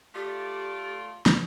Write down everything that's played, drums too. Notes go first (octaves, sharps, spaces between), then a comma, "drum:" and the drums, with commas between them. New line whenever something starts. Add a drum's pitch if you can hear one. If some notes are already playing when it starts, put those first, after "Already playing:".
A3 F4 G4 D5
drum: snare